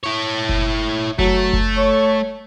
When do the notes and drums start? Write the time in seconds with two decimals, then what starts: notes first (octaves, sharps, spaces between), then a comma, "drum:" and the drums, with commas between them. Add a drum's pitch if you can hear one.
0.04 E4 C#5
0.49 drum: kick F#1
1.19 F#3 A3, drum: kick F#1
1.53 drum: kick F#1
1.77 C#5